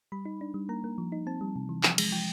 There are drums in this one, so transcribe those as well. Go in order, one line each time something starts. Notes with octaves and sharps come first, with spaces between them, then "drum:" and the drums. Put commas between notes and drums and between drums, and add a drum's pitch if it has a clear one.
G3 B5
D#4
D4
G3
A#3 A#5
A#3
F3
D#4
C4 A5
G3
C3
E3
F3, drum: clap
G#3, drum: cymbal
F3 G5